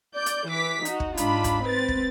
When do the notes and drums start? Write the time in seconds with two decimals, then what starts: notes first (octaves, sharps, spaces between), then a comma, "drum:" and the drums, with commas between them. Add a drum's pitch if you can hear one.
0.16 D5 G6
0.26 drum: hi-hat
0.49 E3 D6 B6
0.85 D#4 F#4, drum: hi-hat
1.00 drum: kick
1.17 G#2 D4 D#4 F4 B5, drum: hi-hat
1.44 drum: kick, hi-hat
1.65 C4 B4 A6
1.88 drum: kick